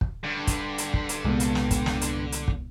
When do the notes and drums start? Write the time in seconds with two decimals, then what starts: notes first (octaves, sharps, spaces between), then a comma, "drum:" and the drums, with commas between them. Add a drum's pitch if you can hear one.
0.01 drum: kick
0.24 G2 D3
0.47 drum: kick, hi-hat
0.78 drum: hi-hat
0.94 drum: kick
1.09 drum: hi-hat
1.24 C2 A#2 G#3 B3
1.40 drum: hi-hat
1.55 drum: snare
1.71 drum: kick, hi-hat
1.86 drum: snare
2.01 drum: hi-hat
2.32 drum: hi-hat
2.48 drum: kick